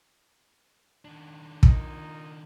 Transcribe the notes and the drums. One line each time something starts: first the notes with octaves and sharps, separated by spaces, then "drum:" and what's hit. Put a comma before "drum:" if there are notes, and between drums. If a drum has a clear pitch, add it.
D#3 D4
A#3 D#4 F4, drum: kick